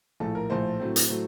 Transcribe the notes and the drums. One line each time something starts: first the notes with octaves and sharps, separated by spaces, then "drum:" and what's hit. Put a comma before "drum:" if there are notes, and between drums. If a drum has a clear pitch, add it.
A#1 A2 A3 A4
A#4
A#1 A2 A3 A4 C5
A2 F#3 A3 C4
drum: hi-hat
A2 F#3 A3